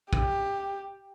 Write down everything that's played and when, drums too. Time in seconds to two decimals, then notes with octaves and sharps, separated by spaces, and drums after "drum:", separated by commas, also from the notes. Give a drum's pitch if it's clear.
0.13 G4, drum: kick A#1